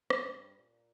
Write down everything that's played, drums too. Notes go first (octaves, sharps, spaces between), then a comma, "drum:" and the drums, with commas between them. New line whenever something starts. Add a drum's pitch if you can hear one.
G2, drum: rim click
A#2